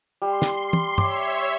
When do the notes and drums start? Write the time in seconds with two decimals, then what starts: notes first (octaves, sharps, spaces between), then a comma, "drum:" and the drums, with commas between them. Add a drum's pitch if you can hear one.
0.22 G3 C6
0.42 drum: snare
0.73 drum: tom
0.98 C#5 E5 D6, drum: tom